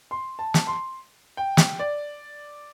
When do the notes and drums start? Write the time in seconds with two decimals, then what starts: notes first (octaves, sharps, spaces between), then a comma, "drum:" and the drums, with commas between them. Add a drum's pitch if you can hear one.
0.11 C6
0.39 A5
0.54 drum: snare
0.67 C6
1.37 G5
1.57 drum: snare
1.79 D5